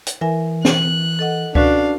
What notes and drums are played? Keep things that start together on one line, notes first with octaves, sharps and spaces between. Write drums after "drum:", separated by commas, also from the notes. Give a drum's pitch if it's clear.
drum: hi-hat
E3 A#4 E5 G#5
F#6, drum: snare
A4 D#5 F#5
C#4 D4 F#4 B4 F5, drum: kick C#2